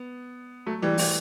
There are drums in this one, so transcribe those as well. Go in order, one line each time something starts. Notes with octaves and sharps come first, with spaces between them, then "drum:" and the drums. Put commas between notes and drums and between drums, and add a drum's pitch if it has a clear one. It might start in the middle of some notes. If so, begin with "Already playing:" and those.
Already playing: B3
F#3 A3
E3 G3
E3 G3, drum: open hi-hat